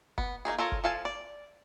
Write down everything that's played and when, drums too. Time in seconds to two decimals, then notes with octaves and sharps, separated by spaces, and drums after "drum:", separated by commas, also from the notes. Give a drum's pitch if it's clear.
0.18 B3, drum: kick F#1
0.45 A#3 C#4 D#4 G#4
0.58 F4 A4 A#4 C#5
0.72 drum: kick F#1
0.84 F3 A4 F5 G#5 A5
1.05 D5